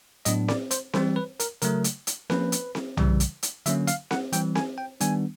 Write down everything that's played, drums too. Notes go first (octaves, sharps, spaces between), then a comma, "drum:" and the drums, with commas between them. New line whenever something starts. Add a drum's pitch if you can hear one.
A2 F#3 B3 D4 D#5, drum: hi-hat
D5, drum: snare C4
C5, drum: hi-hat
E3 G3 C4 C5, drum: snare C4
B4
A#4, drum: hi-hat
C#3 F#3 A3 A#4, drum: hi-hat
drum: hi-hat
drum: hi-hat
F3 A#3 C#4 B4, drum: snare C4
drum: hi-hat
drum: snare C4
C#3 E3 G3, drum: tom
drum: hi-hat
drum: hi-hat
D3 F#3 A#3 C#4 E5, drum: hi-hat
F5, drum: hi-hat
F#5, drum: snare C4
E3 G3 C4 G5, drum: hi-hat
G#5, drum: snare C4
G5
D#3 G3 B3 D4 G#5, drum: hi-hat